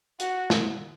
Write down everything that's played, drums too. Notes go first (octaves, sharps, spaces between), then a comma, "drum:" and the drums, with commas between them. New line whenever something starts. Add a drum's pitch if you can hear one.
F#4, drum: hi-hat
drum: snare